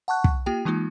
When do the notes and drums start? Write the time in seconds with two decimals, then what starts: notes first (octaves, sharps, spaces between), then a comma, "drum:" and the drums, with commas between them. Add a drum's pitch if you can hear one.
0.08 F#5 A5 C#6 F#6
0.24 drum: kick
0.46 A#3 F4 G4 G5
0.65 E3 G#3 A#3 D#4 F4